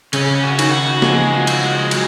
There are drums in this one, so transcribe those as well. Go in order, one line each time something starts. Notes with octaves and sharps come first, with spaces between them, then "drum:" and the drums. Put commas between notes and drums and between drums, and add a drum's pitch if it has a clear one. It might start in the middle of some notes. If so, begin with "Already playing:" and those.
C#3 C#4, drum: cymbal
F#4
D#3, drum: cymbal
F#4
F3 G#3, drum: snare
F#4
drum: cymbal
G#3
F#3, drum: cymbal